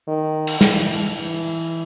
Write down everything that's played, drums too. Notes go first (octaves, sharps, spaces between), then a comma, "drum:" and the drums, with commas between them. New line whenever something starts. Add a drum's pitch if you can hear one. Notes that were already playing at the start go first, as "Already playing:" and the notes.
D#3
drum: cymbal
E3, drum: snare
E3